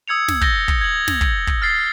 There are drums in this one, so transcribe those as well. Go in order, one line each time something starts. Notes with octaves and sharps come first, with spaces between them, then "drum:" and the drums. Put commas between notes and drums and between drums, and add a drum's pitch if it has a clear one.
D#6 E6 G#6 C#7 F7
drum: snare
G6 A6 A#6 G7, drum: kick
drum: kick
G#6 F#7
drum: snare
drum: kick
drum: kick
F6 A6 C7